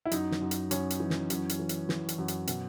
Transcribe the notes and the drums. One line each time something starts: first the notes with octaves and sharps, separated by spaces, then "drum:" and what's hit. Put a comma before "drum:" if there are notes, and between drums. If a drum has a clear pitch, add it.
E4
F#2 D#4, drum: hi-hat
drum: snare
F#2
drum: hi-hat
F#2 C#4, drum: hi-hat
drum: hi-hat
E3
drum: snare
F#2, drum: hi-hat
drum: hi-hat
E3
drum: hi-hat
E3, drum: snare
drum: hi-hat
F#2
drum: hi-hat
B2, drum: hi-hat